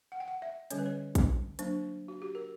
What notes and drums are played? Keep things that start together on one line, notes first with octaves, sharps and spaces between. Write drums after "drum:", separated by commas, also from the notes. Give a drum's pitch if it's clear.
F#5
G5
F#5
E5
D3 G3 C#4 C#5, drum: hi-hat
B4
C#5
drum: kick, hi-hat
F#3 A#3 D4, drum: hi-hat
F#4
G4
A#4